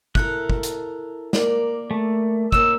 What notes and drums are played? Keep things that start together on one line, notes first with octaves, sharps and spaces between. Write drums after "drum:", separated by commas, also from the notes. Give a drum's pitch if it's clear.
E4 A4 A#4 F#6, drum: kick
drum: kick
drum: hi-hat
A#3 A#4 D5, drum: snare
A3
A#3 C#4 D#4 E6, drum: kick